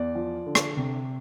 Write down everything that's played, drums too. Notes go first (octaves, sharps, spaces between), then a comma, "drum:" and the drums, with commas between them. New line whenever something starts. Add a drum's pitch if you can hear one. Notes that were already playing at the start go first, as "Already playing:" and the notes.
Already playing: E2 D5
F3
D3
drum: rim click
C3